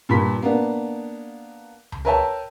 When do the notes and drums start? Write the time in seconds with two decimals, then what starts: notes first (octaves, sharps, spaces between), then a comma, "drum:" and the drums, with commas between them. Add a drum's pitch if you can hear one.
0.09 G2 A#2 A#3 B5 B6
0.42 A#3 B3 D4
1.92 drum: tom C#2
2.05 A#4 B4 C#5 E5 G5 A5